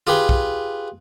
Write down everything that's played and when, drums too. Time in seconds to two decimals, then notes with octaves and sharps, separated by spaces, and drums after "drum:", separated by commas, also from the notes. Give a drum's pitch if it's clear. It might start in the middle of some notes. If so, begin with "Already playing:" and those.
0.07 F4 G4 G#4 B4
0.29 drum: kick